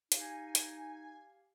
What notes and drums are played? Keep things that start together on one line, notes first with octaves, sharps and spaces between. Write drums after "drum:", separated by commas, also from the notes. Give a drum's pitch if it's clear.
D#4 G4 F5 G#5, drum: hi-hat
drum: hi-hat